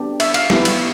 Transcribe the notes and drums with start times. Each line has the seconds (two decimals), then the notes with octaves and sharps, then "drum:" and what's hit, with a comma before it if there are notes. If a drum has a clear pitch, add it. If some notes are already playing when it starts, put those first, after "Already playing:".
Already playing: B3 D4 G4
0.20 E5, drum: cymbal
0.34 F5, drum: cymbal
0.50 B3 E4 G4, drum: snare
0.65 drum: cymbal